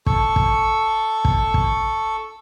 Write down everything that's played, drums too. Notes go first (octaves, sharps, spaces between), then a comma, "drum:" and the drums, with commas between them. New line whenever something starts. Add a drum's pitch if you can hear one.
A4 C#6, drum: kick
drum: kick
drum: kick
drum: kick